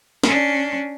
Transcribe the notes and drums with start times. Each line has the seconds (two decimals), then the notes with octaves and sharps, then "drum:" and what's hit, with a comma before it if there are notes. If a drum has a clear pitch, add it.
0.24 C#4 D4, drum: snare